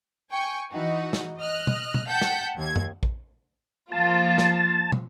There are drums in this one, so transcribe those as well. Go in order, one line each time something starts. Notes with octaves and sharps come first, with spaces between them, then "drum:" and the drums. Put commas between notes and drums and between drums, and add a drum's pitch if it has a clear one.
G5 G#5 C#6
E3 D#4 F#4
drum: snare
D#5 F6 F#6
drum: tom
drum: tom
F#5 G5 A5 G6 B6
drum: snare
D#2 G#6
drum: tom F#2
drum: kick
F3 A#3 F4 A5
drum: snare
drum: tom